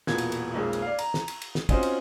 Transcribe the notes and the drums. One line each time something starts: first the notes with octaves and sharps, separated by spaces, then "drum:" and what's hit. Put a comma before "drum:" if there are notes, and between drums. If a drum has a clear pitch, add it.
E1 A#2 B3 F#4 G#6, drum: snare
drum: cymbal
drum: cymbal
B1 F2 G#3 A#3
drum: cymbal
D5 F5
A#5, drum: cymbal
drum: snare
drum: cymbal
drum: cymbal
drum: snare
C4 C#4 D#4 F4 F#4 C5, drum: kick, cymbal
drum: cymbal